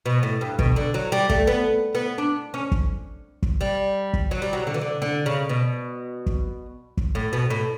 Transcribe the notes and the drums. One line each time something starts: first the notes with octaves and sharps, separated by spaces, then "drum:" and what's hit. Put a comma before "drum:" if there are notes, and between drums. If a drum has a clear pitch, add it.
B2
A2
G2
B2, drum: kick
D3
F#3
G3
A3, drum: kick
B3
B3
D4
C#4
drum: kick
drum: kick
G3
drum: kick
F#3
G3
F#3
D3
E3
D3
D3
C#3
B2
drum: kick
drum: kick
A2
B2
A2